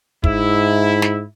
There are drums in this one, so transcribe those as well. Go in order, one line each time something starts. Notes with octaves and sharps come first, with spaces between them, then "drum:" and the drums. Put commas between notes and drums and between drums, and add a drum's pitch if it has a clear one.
G#2 E4, drum: kick
drum: snare